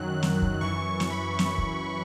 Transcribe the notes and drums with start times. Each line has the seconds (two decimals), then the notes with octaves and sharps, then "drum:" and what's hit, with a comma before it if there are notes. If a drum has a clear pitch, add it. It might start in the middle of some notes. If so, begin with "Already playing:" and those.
Already playing: F#2 D#3 F#3 F#6
0.23 drum: snare
0.42 drum: kick
0.61 F#2 E3 C#6
1.00 drum: snare
1.10 B5
1.39 drum: snare
1.58 drum: kick